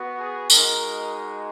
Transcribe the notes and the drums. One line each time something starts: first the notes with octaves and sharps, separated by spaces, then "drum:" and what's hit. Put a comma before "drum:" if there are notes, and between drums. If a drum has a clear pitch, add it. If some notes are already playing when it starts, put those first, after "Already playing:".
Already playing: B3 F#4
G#4
G#3 D#4 F#4 A#4, drum: tambourine